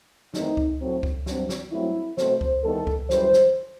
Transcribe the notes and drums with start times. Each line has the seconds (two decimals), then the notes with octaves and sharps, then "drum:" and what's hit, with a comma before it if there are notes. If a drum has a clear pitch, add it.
0.34 E2 D#3 A3 C4 D#4, drum: snare
0.57 drum: kick C#2
0.80 A2 F#3 C4
1.03 drum: kick C#2
1.26 G2 F#3 C4, drum: snare
1.49 drum: snare
1.72 G2 F#3 A3 C4 E4
2.17 B2 A3 C4 C5, drum: snare
2.41 drum: kick C#2
2.63 E2 D#3 G3 B3 A4
2.87 drum: kick C#2
3.10 F#2 E3 G3 C5, drum: snare
3.33 drum: snare